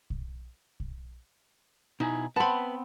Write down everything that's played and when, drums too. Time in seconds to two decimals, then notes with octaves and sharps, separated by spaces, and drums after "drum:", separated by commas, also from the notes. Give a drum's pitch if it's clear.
0.10 drum: kick
0.80 drum: kick
2.00 B2 D#4 E4 G#5
2.36 B3 C4 B4 F#5 A5 B5